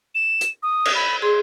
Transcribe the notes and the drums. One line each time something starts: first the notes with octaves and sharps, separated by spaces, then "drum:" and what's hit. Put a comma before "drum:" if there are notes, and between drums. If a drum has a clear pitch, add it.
E7
drum: hi-hat
D#6
drum: cymbal
B5
G#4 C6